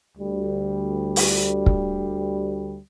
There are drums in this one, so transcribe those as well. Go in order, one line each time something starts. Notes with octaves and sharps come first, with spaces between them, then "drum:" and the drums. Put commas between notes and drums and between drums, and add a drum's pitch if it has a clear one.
D2 G3
drum: open hi-hat
drum: kick